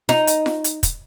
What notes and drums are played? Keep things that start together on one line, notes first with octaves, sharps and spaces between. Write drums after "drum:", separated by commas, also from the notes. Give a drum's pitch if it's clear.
D#4, drum: snare F4
drum: hi-hat
drum: snare F4
drum: hi-hat
drum: kick, hi-hat